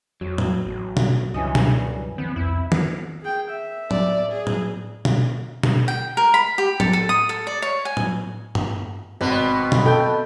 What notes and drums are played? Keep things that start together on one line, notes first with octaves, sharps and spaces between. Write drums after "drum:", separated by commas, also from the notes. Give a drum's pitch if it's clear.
F2 F#3
drum: tom
A1
drum: tom B2
C#2 G2 E3 C#4 D#5
drum: tom B2
D#3 F3 B3 C4
C2 F2 E4
drum: tom
G#4 G5
E5
D5, drum: tom
G#4
drum: tom
drum: tom B2
drum: tom B2
G5
A#4
B5
G4
A4, drum: tom
A4
D#6
A4
D5
C#5
G#5
drum: tom
drum: tom G2
G#1 B2 B3 C4
drum: tom B2
A4 G5 G6